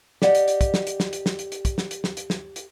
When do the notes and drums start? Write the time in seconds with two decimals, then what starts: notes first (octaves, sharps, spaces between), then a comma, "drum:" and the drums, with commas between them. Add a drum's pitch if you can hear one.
0.22 G4 D5 D#5 F#5, drum: snare
0.35 drum: hi-hat
0.48 drum: hi-hat
0.61 drum: kick, hi-hat
0.74 drum: snare
0.87 drum: hi-hat
1.00 drum: snare
1.13 drum: hi-hat
1.26 drum: snare
1.39 drum: hi-hat
1.52 drum: hi-hat
1.65 drum: kick, hi-hat
1.78 drum: snare
1.91 drum: hi-hat
2.04 drum: snare
2.17 drum: hi-hat
2.30 drum: snare
2.56 drum: hi-hat